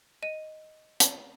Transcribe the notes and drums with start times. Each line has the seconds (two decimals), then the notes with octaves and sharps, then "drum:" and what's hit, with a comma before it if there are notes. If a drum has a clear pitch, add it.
0.23 D#5 D#7
1.00 drum: hi-hat